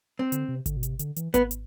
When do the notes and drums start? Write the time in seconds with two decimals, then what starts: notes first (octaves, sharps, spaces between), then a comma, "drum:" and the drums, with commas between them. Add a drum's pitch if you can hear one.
0.19 C4
0.32 D3, drum: hi-hat
0.49 C3
0.66 D3, drum: kick G#1, hi-hat
0.77 B2
0.83 C3, drum: hi-hat
0.99 D3, drum: hi-hat
1.16 E3, drum: hi-hat
1.34 B3, drum: kick G#1, hi-hat
1.51 drum: hi-hat